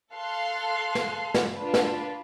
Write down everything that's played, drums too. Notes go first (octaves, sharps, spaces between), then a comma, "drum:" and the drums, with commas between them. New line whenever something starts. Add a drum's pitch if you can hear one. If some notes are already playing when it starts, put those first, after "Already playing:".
A4 F5 C6 F#6
drum: snare
drum: snare
D4 F4 B4
drum: snare